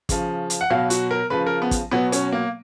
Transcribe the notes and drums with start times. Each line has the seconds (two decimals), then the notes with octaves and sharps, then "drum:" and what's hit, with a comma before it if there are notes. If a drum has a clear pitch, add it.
0.09 C#3 F3, drum: kick, hi-hat
0.50 drum: hi-hat
0.61 F#5
0.70 B2 F#3 F5
0.90 F#4, drum: hi-hat
1.11 A#4
1.30 C#3 F3 B4
1.47 A#4
1.62 B3
1.71 drum: kick, hi-hat
1.91 B2 F#3 B3
2.12 C#4, drum: hi-hat
2.32 A#3